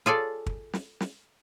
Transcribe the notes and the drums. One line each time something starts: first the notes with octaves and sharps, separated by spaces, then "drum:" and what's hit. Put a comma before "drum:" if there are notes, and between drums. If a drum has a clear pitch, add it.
F4 G#4 A4 D5
drum: kick
drum: snare
drum: snare